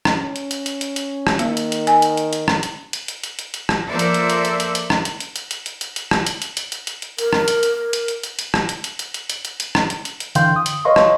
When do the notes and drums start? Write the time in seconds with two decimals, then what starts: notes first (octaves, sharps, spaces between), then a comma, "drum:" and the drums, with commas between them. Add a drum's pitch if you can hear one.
0.05 drum: rim click
0.15 C#4
0.36 drum: hi-hat
0.51 drum: hi-hat
0.66 drum: hi-hat
0.81 drum: hi-hat
0.96 drum: hi-hat
1.27 drum: rim click
1.39 D#3 A#3, drum: hi-hat
1.57 drum: hi-hat
1.72 drum: hi-hat
1.87 G#5, drum: hi-hat
2.02 drum: hi-hat
2.17 drum: hi-hat
2.33 drum: hi-hat
2.48 drum: rim click
2.63 drum: hi-hat
2.93 drum: hi-hat
3.08 drum: hi-hat
3.24 drum: hi-hat
3.39 drum: hi-hat
3.54 drum: hi-hat
3.69 drum: rim click
3.88 F3 A#3 A4 C5 D5 E5
3.99 drum: hi-hat
4.14 drum: hi-hat
4.30 drum: hi-hat
4.45 drum: hi-hat
4.60 drum: hi-hat
4.75 drum: hi-hat
4.90 drum: rim click
5.05 drum: hi-hat
5.20 drum: hi-hat
5.36 drum: hi-hat
5.51 drum: hi-hat
5.66 drum: hi-hat
5.81 drum: hi-hat
5.96 drum: hi-hat
6.11 drum: rim click
6.27 drum: hi-hat
6.42 drum: hi-hat
6.57 drum: hi-hat
6.72 drum: hi-hat
6.87 drum: hi-hat
7.02 drum: hi-hat
7.18 A#4, drum: hi-hat
7.33 drum: rim click
7.48 drum: hi-hat
7.63 drum: hi-hat
7.93 drum: hi-hat
8.08 drum: hi-hat
8.23 drum: hi-hat
8.39 drum: hi-hat
8.54 drum: rim click
8.69 drum: hi-hat
8.84 drum: hi-hat
8.99 drum: hi-hat
9.14 drum: hi-hat
9.30 drum: hi-hat
9.45 drum: hi-hat
9.60 drum: hi-hat
9.75 drum: rim click
9.90 drum: hi-hat
10.05 drum: hi-hat
10.20 drum: hi-hat
10.35 D3 E3 F5 G5 C6 G6, drum: hi-hat
10.56 D#6
10.66 drum: hi-hat
10.85 B4 C#5 D#5 F5 C6 C#6
10.96 drum: rim click